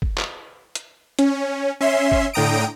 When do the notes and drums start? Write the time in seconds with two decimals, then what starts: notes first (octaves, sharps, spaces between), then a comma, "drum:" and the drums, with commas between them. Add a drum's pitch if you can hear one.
0.02 drum: kick G1
0.18 drum: clap
0.75 drum: hi-hat
1.19 C#4, drum: hi-hat
1.81 C#4 E5 C6
2.12 drum: kick G1
2.33 A2 D3 G5 A#5 D#6 D7